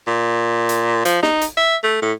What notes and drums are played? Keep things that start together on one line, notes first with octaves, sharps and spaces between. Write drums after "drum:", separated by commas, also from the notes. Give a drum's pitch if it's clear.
A#2
drum: hi-hat
F3, drum: hi-hat
D#4, drum: snare
drum: hi-hat
E5
A3
A2